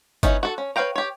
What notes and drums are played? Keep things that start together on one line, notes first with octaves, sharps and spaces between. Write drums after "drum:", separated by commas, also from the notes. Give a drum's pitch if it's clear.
B3 C#4 D#4 E4, drum: kick G1, hi-hat
F#4 A4
C#4
B4 C#5 F5 G5 A#5
G4 C#5